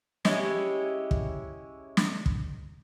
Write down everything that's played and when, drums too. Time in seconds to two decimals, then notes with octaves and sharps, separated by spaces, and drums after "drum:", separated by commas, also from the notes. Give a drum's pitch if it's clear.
0.25 G#3 C#4 E4 G4, drum: snare
1.11 drum: kick
1.97 drum: snare
2.26 drum: kick